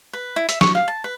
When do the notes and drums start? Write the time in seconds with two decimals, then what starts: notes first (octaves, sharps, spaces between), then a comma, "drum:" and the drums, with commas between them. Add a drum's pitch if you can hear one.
0.13 B4
0.36 E4
0.49 E5, drum: hi-hat
0.61 C#6, drum: snare
0.75 F5
0.88 A5
1.04 B4